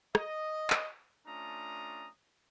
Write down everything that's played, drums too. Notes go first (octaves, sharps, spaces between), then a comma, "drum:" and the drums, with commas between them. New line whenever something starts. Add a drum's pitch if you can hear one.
D#5, drum: rim click
drum: clap
A3 C#4 D4 F4 A#5 D#6